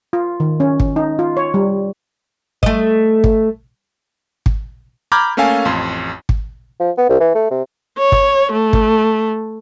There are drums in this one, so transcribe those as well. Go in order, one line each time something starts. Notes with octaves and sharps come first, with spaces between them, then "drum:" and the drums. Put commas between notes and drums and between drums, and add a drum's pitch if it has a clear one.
F4
D#3
C#4
drum: kick
D#4
F4
C#5
G3
A3 D#5, drum: kick
drum: kick
drum: kick
A#5 B5 D6 F6 G6 G#6
A3 A#3 C#4 A4 F5 G#5
A1 F2 C6
drum: kick
F3
B3
C2
E3
A3
C3
C#5
drum: kick
A3
drum: kick